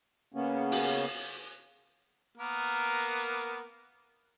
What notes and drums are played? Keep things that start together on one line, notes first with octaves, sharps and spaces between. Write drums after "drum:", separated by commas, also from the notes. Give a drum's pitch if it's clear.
C#3 A#3 B3 C#4
drum: open hi-hat
A#3 B3 A#4